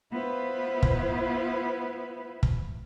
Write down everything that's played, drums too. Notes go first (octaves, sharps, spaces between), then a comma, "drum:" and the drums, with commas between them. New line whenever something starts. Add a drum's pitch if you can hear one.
B3 E4 F4 B4 C5
drum: kick
drum: kick